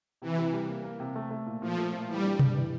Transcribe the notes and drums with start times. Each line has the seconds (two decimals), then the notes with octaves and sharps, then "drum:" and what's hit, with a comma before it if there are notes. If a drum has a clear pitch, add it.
0.22 C3 E3
0.38 C3
0.53 G3
0.69 A#3
0.84 A#3
1.00 C3
1.16 A3
1.31 A3
1.46 A#2
1.62 A#2 F3
1.77 A3
1.93 A#2
2.08 E3 G3
2.24 D4
2.39 G2, drum: tom B2
2.55 E3